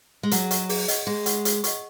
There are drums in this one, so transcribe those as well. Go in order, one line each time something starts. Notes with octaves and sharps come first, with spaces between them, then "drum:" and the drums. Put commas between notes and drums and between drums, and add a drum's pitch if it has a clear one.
G#3
F#3 G#4, drum: hi-hat
D#5 F#5 C#6, drum: hi-hat
G#4, drum: open hi-hat
D#5 F#5 C#6, drum: hi-hat
G#3 G#4
D#5 F#5 C#6, drum: hi-hat
G#4, drum: hi-hat
D#5 F#5 C#6, drum: hi-hat